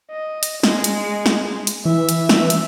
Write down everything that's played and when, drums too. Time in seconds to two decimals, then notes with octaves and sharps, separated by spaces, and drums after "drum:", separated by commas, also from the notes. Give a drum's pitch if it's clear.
0.11 D#5
0.43 drum: hi-hat
0.63 G#3, drum: snare
0.84 drum: hi-hat
1.26 drum: snare
1.67 drum: hi-hat
1.85 E3 E5
2.09 drum: hi-hat
2.29 drum: snare
2.50 drum: hi-hat